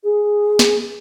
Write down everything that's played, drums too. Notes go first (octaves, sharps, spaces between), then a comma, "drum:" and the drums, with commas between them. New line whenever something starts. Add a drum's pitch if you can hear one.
G#4
drum: snare